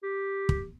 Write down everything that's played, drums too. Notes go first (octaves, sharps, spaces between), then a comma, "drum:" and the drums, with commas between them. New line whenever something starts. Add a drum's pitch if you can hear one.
G4
drum: kick